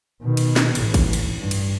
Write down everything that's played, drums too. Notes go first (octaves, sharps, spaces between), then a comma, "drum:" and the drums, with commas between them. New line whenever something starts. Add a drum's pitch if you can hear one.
B2 D#3
drum: cymbal
drum: snare
A1, drum: cymbal
drum: kick, cymbal
drum: cymbal
G2
drum: cymbal